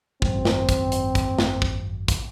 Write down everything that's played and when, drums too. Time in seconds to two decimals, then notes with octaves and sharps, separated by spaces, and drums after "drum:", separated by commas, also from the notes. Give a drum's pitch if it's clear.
0.22 G#1 F#2 C4, drum: kick
0.45 drum: snare
0.69 drum: kick, hi-hat
0.92 drum: hi-hat
1.15 drum: kick, hi-hat
1.39 drum: snare
1.62 drum: kick
2.08 drum: kick, hi-hat